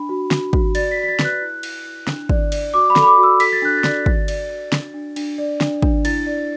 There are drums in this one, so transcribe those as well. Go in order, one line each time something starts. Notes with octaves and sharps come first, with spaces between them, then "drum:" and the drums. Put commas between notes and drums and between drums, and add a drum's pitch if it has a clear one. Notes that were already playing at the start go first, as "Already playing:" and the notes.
Already playing: D4 B5
F#4
F#4, drum: snare
F#4, drum: kick
D5 A6, drum: cymbal
B6
F#4
B6
A6
B4, drum: snare
F#6
E4
E4, drum: cymbal
E4
D4, drum: snare
D5, drum: kick
D5, drum: cymbal
F#4 D6
B5
A4, drum: snare
B5
D6
F#4
E6
A4 B6, drum: cymbal
A6
D4 F#6
A6
D5, drum: snare
F#4, drum: kick
D5, drum: cymbal
F#4
D4, drum: snare
D4
D4, drum: cymbal
D5
D4, drum: snare
D4, drum: kick
E4 A6, drum: cymbal
D5